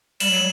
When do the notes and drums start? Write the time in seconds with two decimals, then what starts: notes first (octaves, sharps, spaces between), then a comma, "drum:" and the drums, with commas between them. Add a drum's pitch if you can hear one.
0.20 G3 E7 F#7, drum: open hi-hat
0.31 F#3